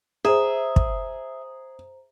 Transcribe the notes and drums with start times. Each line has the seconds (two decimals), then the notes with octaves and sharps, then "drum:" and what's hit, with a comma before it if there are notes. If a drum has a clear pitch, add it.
0.25 G#4 C5 E5 A#5
0.76 drum: kick